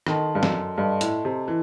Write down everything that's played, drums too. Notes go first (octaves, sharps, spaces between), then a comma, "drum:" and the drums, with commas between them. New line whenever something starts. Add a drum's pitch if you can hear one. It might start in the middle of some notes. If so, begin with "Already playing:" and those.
D#3 A4 D#5 A5 C6, drum: rim click
G2
F#2, drum: snare
G2 A4 D#5 A5 C6
A2, drum: hi-hat
C3
E3